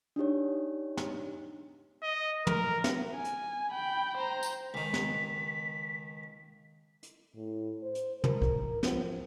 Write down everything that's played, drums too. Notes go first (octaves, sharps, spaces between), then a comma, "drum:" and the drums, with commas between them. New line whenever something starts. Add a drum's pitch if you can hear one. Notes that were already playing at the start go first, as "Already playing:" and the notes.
D4 D#4 G4 C#5
drum: snare
D#5
A#4, drum: tom
drum: snare
G#5
drum: hi-hat
G5 B5
C5 A#5
drum: tambourine
C#2 D#3 B6
drum: snare
drum: hi-hat
A2
C5
drum: hi-hat
A#4, drum: tom
drum: kick
F3, drum: snare